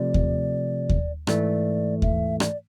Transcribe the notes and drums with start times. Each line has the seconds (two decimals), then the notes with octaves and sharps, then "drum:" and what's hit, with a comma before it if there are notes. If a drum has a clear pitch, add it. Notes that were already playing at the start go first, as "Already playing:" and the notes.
Already playing: C3 F3 A3 D5
0.14 drum: kick D#2
0.89 drum: kick D#2
1.27 G#2 E3 A3 D5, drum: rim click
2.02 E5, drum: kick D#2
2.40 D5, drum: rim click